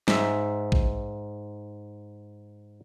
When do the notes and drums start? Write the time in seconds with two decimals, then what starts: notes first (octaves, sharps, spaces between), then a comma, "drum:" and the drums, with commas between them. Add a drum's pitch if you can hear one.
0.08 G#2 E5, drum: snare
0.72 drum: kick A#1